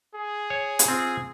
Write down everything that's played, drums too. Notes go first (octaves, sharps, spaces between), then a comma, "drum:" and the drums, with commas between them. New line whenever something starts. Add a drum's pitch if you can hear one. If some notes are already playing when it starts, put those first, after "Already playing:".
G#4
C#5
drum: hi-hat
C4 F4